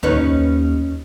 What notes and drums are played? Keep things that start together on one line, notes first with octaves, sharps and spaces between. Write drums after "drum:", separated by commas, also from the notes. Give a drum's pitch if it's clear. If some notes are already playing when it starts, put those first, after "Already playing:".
D#2 C#4 D#4 B4, drum: tom